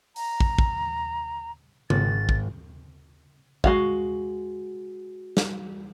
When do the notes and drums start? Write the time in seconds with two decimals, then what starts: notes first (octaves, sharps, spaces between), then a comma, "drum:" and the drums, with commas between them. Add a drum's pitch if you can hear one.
0.16 A#5, drum: open hi-hat
0.40 drum: kick
0.58 drum: kick
1.90 G#1 A6, drum: tom C#3
2.29 drum: kick
3.64 G#3 F#4 F5, drum: kick
5.37 drum: snare